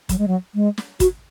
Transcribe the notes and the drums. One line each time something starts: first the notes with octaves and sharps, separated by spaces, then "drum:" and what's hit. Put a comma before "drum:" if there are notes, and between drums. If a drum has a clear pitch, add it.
F#3, drum: kick, hi-hat
G#3
F#3
G#3
drum: snare
F#4, drum: kick, hi-hat